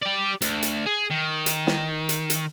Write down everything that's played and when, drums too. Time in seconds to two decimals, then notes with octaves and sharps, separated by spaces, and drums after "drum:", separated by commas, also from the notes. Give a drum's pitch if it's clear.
0.03 G4 D5
0.42 D2, drum: hi-hat
0.62 drum: hi-hat
0.86 G#4
1.11 D#3
1.46 drum: hi-hat
1.67 drum: snare
2.09 drum: hi-hat
2.30 drum: hi-hat